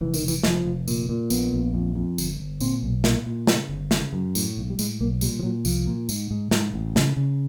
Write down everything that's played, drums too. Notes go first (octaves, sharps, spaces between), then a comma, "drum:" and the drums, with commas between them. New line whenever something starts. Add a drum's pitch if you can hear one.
F1 E3
D#3, drum: tambourine
F1
E3, drum: tambourine
F1 F3, drum: snare
F1
A#2, drum: tambourine
A#2
A#1 B3, drum: tambourine
A#1
F2
F2
G1, drum: tambourine
G1
A#2 C4, drum: tambourine
B1
A#2 A#3, drum: snare
A#2
C#3, drum: snare
G1
C#3, drum: snare
F#2
A2, drum: tambourine
B1
G3
A2 G#3, drum: tambourine
B1 A#3
A#2 G3, drum: tambourine
F3
A#2 F#3
C2 F3, drum: tambourine
A#2
G#2, drum: tambourine
G#2
G#2, drum: snare
A1
C#3, drum: snare
C#3